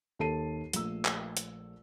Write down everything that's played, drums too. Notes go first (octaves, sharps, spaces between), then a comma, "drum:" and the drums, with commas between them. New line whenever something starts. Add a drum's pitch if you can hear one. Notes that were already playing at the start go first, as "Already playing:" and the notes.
D#2 D#4 A4 A5 C7 D#7
A#1 A3 E6, drum: hi-hat
drum: clap
drum: hi-hat